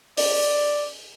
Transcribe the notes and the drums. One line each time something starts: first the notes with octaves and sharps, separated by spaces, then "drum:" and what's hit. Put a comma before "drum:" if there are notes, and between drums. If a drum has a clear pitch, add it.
D5, drum: open hi-hat